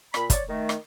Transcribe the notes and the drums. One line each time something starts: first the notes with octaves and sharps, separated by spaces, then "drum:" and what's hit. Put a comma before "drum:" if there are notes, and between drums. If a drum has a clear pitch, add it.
A#2 B5, drum: rim click
C#5 D5, drum: kick, hi-hat
D#3 A3
drum: rim click